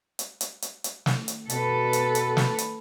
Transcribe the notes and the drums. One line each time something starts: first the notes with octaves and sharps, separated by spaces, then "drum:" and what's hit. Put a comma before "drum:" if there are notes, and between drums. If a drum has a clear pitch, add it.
drum: hi-hat
drum: hi-hat
drum: hi-hat
drum: hi-hat
drum: snare
drum: hi-hat
B2 A4 B4, drum: hi-hat
drum: hi-hat
drum: hi-hat
drum: snare
drum: hi-hat